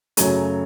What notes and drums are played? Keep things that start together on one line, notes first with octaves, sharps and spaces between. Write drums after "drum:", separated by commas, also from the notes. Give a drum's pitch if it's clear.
F#2 C#3 F#3 A3 C#5, drum: hi-hat